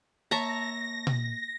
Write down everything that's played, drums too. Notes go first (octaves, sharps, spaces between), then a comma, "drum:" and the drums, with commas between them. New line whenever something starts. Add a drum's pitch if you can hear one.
A#3 C#5 E5 A5 A#5 A#6
drum: tom A#2